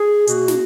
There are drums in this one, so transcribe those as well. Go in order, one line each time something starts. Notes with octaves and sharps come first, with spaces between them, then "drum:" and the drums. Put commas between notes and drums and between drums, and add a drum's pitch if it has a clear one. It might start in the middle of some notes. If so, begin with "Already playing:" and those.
Already playing: G#4
B2 A#3 F#4, drum: hi-hat
drum: snare